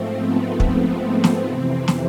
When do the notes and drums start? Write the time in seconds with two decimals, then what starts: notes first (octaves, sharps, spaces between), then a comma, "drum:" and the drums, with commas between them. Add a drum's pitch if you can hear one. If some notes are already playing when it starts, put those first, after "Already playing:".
Already playing: G#2 F3 A3 C4
0.17 B3
0.60 B3, drum: kick
1.24 drum: snare
1.45 F2 C3 E3 C4
1.88 drum: snare